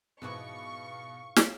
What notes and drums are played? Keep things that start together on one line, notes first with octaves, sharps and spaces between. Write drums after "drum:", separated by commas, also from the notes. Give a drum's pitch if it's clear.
G#2 B2 E3 F#4 B4 F5 C#6 D6
drum: snare